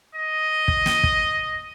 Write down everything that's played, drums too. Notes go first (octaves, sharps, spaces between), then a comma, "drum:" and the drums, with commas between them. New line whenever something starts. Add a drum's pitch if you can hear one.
D#5
drum: kick
drum: snare
drum: kick